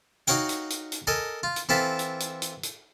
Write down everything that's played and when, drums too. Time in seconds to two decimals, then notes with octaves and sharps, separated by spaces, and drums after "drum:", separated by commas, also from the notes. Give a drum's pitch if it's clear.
0.27 D#4 F#4 C#5 F5 G5, drum: hi-hat
0.49 drum: hi-hat
0.70 drum: hi-hat
0.92 drum: hi-hat
1.07 A4 A#4 D#5 G#5
1.43 F4
1.56 drum: hi-hat
1.69 E3 C4 F4 A4 E5
1.99 drum: hi-hat
2.20 drum: hi-hat
2.42 drum: hi-hat
2.63 drum: hi-hat